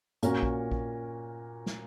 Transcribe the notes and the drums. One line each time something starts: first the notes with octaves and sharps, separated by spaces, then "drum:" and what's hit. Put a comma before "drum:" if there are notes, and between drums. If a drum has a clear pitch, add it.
A#2 A#3 C#4 F#4 A#4, drum: hi-hat
drum: kick A#1
drum: kick A#1
drum: snare